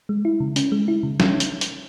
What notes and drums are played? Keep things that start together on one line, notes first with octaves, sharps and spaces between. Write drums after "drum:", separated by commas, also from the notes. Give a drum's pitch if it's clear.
G#3
E4
C#3
C#4, drum: hi-hat
G#3
E4
C#3
C#4, drum: snare
drum: hi-hat
drum: hi-hat